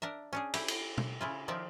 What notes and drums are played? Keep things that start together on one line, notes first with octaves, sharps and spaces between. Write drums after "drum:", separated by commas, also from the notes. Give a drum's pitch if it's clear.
D4 A#4 E5
C#4 D4 G#4
E4 G4, drum: cymbal
drum: cymbal
drum: tom B2
C#3 E4 F4
D#3 F3 D5 E5